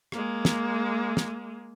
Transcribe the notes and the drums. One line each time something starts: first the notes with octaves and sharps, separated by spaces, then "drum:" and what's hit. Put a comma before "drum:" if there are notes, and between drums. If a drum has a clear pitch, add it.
G#3 A#3, drum: rim click
drum: snare
drum: snare